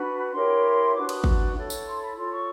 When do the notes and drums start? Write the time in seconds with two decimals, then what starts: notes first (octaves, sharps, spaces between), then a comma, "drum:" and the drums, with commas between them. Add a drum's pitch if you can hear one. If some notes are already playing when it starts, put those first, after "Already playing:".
Already playing: D4 F#4 B4 B5
0.33 E4 G4 A#4 C#5 C6
0.94 D4 F#4 B4 D6
1.09 D#6, drum: cymbal
1.24 drum: kick
1.55 E4 A4 C#5
1.70 drum: tambourine
1.85 C6
2.00 B5
2.16 F4 A4 C#5 C6
2.32 C#6